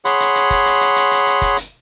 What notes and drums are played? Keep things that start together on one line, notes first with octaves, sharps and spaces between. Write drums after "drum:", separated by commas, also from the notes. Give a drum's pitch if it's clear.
G#4 C#5 F#5 B5 C6, drum: hi-hat
drum: hi-hat
drum: hi-hat
drum: kick, hi-hat
drum: hi-hat
drum: hi-hat
drum: hi-hat
drum: hi-hat
drum: hi-hat
drum: kick, hi-hat
drum: hi-hat